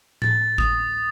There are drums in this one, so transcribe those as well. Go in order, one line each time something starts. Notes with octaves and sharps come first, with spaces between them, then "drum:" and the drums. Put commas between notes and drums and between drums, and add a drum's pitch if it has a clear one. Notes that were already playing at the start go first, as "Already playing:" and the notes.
A6, drum: tom A2
D#6, drum: kick G#1